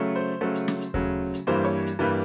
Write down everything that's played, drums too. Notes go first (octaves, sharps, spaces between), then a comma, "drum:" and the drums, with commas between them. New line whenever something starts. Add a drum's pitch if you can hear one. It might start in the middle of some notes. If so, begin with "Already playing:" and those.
Already playing: C#3 F#3 A3
C5
C#3 F#3 A3
drum: hi-hat
drum: snare
drum: hi-hat
C#3 F#3 A3, drum: kick D#2
drum: hi-hat
G2 E3 G3 A#3 C5
C#5
drum: hi-hat
G2 E3 G3 A#3 B4